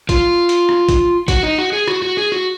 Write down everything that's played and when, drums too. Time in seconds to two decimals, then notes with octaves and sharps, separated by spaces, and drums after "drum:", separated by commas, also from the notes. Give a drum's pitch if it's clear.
0.09 F4, drum: kick, hi-hat
0.49 drum: hi-hat
0.69 drum: rim click
0.89 drum: kick, hi-hat
1.28 F#4, drum: kick, hi-hat
1.43 D#4
1.58 F#4
1.73 G#4
1.88 F#4, drum: rim click
2.02 F#4
2.17 G#4
2.32 F#4